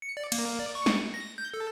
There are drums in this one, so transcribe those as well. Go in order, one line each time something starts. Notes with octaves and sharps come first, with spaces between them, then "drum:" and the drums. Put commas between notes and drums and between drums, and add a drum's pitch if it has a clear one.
C#7
D5
A#3, drum: cymbal
D5
C#6
drum: snare
A#6
G6
A4